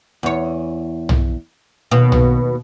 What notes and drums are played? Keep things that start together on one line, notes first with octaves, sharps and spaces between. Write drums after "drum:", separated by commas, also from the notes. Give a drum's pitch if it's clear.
E2 C#5
drum: tom
D#2 B2
drum: tom